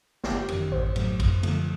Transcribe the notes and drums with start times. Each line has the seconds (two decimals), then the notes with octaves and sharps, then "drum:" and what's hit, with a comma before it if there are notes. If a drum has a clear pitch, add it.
0.24 G1 G4, drum: snare
0.48 F#2 D#3, drum: cymbal
0.72 A1 C5
0.96 A2 F#3 A3, drum: cymbal
1.20 F#2, drum: kick, cymbal
1.43 D3 F3 A3, drum: cymbal